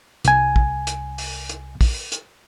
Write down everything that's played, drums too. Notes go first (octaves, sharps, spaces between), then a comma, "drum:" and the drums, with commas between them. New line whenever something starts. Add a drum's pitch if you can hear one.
C2 G#5, drum: hi-hat
drum: kick
drum: hi-hat
drum: open hi-hat
drum: hi-hat
drum: kick, open hi-hat
drum: hi-hat